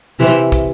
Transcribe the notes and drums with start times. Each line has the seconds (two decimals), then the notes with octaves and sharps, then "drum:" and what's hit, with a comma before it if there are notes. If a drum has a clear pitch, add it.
0.20 C3 E3
0.52 drum: kick, hi-hat